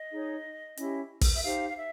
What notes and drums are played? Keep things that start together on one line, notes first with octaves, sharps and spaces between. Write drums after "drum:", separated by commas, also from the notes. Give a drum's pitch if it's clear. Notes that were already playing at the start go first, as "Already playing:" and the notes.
Already playing: D#5
D#4 G#4 C#5
C#4 E4 G4, drum: hi-hat
drum: kick, open hi-hat
E5
D#4 G4 C5 F5
F5
E5